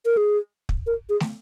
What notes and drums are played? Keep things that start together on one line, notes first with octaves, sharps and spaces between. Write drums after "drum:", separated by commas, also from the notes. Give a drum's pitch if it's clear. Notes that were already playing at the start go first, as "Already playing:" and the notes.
A#4
G#4
drum: kick
A#4
G#4
drum: snare